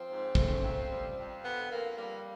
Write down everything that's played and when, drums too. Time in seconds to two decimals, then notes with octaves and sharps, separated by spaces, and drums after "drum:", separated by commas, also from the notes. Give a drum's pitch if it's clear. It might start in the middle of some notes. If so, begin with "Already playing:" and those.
Already playing: F3 C4
0.09 G#2
0.35 A3, drum: kick
0.62 F2
0.90 G3
1.18 F2
1.44 D3 B3
1.72 F2 A#3
1.98 G3 A#3